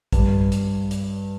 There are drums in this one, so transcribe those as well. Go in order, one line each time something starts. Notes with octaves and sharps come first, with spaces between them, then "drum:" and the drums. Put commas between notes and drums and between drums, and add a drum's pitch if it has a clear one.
G2, drum: kick A#1, hi-hat
drum: hi-hat
drum: hi-hat